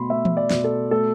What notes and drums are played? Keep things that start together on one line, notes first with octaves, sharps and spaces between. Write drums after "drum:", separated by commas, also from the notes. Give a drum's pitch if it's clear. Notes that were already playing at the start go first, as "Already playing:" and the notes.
Already playing: B2 A3 B5 C6
A3 E5
drum: tom E3
D5
B2, drum: snare
A4
A3 A4